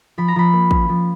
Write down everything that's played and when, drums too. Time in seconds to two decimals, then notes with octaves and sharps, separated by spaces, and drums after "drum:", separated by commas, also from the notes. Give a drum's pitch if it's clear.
0.18 F3 B5
0.28 A#5
0.36 F3 B5
0.53 A#3
0.71 C#4, drum: kick
0.89 F3